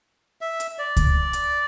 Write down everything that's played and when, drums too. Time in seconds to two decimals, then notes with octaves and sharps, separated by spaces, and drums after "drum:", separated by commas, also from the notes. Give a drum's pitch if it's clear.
0.41 E5
0.60 drum: hi-hat
0.78 D5
0.97 drum: kick C#2, hi-hat
1.33 drum: hi-hat